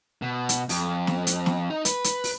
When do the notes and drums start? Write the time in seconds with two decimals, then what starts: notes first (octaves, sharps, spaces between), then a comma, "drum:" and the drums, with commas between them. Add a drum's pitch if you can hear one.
0.22 B2
0.49 drum: hi-hat
0.69 F2, drum: open hi-hat
1.07 drum: snare
1.27 drum: hi-hat
1.46 drum: snare
1.70 D#4
1.85 B4, drum: hi-hat
2.04 drum: hi-hat
2.24 drum: open hi-hat